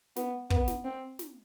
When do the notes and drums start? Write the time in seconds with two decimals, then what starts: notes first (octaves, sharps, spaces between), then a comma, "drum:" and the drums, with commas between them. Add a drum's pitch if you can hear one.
0.16 B3, drum: snare
0.50 B3, drum: kick
0.68 drum: snare
0.85 C4
1.19 drum: snare